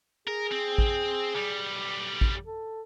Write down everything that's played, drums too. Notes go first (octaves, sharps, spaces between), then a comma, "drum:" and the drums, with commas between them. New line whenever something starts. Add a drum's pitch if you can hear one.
G#4 A#4
C4
drum: kick A1
B1 G3
drum: kick A1
A4